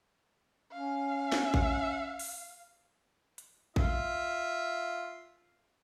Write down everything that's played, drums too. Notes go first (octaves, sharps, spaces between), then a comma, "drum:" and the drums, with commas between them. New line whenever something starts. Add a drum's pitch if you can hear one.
C#4 F5
drum: snare
drum: kick A1
drum: open hi-hat
drum: hi-hat
F4 E5, drum: kick A1